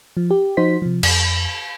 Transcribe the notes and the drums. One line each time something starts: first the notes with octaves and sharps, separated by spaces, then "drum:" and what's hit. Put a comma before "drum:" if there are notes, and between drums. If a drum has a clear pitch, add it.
F3
G4
F3 D#4 F#4 C5 B6
C3 F3
F2, drum: cymbal